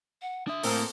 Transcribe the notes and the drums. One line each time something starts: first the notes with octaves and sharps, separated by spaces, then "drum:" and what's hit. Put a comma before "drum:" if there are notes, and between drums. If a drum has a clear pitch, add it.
F#5
D4 E5 D#6
A2 A#3 C4 A4 A#4, drum: open hi-hat